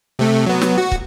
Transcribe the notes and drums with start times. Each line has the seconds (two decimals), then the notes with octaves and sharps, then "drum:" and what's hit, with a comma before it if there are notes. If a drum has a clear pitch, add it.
0.19 C3 A3
0.46 F#3 B3
0.61 drum: snare
0.78 F#4
0.92 drum: kick